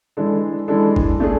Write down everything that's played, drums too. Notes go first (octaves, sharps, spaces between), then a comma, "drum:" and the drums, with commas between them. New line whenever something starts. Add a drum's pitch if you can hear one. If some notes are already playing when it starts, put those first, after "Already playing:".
E3 G#3 D4 A4
E3 G#3 D4 A4
drum: kick G1
A3 D4 G#4